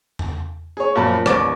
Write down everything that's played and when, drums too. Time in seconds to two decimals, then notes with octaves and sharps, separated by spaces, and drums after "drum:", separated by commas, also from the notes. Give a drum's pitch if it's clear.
0.19 drum: tom E2
0.77 G#4 C#5
0.95 F#2 A#2 F3 A5 B5
1.26 A1 D#2 D5 D6, drum: rim click